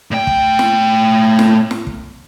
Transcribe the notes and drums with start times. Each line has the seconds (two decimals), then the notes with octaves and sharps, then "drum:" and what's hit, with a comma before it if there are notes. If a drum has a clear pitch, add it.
0.11 A2 G5
0.27 drum: kick
0.59 drum: snare
1.39 drum: snare
1.71 drum: snare
1.87 drum: kick